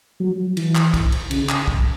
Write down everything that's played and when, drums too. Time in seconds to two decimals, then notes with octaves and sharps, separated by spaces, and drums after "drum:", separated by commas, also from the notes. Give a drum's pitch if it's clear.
0.20 F#3
0.57 E3, drum: cymbal
0.75 drum: clap
0.94 drum: kick, cymbal
1.12 drum: cymbal
1.31 C#3, drum: cymbal
1.49 drum: clap
1.68 drum: kick